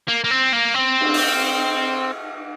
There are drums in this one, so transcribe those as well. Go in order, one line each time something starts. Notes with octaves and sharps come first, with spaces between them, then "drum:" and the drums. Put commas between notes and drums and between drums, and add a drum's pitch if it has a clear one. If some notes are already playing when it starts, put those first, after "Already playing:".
A#3
A#3
C4
A#3
C4
drum: cymbal
drum: open hi-hat